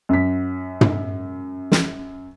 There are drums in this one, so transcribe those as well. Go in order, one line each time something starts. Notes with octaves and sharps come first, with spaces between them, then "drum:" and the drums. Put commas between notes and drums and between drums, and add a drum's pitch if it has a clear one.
F#2 B6
drum: tom
drum: snare